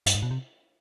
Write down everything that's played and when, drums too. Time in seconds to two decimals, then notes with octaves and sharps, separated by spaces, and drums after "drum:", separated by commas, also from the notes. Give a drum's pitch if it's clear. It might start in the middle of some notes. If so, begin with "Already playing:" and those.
0.06 G2, drum: hi-hat
0.15 G#2
0.23 B2
0.31 C3